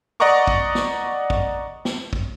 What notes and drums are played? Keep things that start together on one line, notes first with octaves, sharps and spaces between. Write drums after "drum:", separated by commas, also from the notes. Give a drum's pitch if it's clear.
D5 D#5 F#5 A#5 C#6 D6
drum: kick
drum: snare
drum: kick
drum: snare
drum: kick